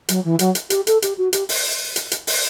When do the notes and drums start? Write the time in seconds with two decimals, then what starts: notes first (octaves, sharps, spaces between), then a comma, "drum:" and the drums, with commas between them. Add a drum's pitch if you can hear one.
0.09 F#3, drum: hi-hat
0.24 E3
0.39 F#3, drum: hi-hat
0.55 drum: hi-hat
0.70 G4, drum: hi-hat
0.87 A4, drum: hi-hat
1.02 G4, drum: hi-hat
1.18 F#4
1.33 G4, drum: hi-hat
1.49 drum: open hi-hat
1.96 drum: hi-hat
2.11 drum: hi-hat
2.27 drum: open hi-hat